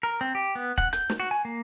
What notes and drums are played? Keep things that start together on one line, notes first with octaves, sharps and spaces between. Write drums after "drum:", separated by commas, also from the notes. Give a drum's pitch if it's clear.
A#4
C4
G4
B3
F#5, drum: kick
G6, drum: hi-hat
drum: snare
F#4
G#5
A#3